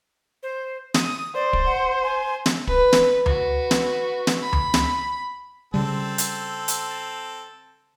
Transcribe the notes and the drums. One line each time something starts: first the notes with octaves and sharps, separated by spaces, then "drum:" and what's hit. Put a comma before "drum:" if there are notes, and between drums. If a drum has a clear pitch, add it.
C5
D#6, drum: snare
C5 D5
drum: kick
F#5
G#5
drum: snare
B4, drum: kick
drum: snare
F#4 B4, drum: tom D2
drum: snare
drum: snare
B5
drum: tom D2
drum: snare
C#3 G3 C4 A4
drum: hi-hat
drum: hi-hat